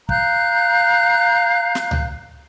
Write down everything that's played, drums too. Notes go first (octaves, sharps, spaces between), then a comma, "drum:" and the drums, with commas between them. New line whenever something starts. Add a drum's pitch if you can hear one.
F5 A#5 F#6 G6, drum: kick
drum: snare
drum: tom C#2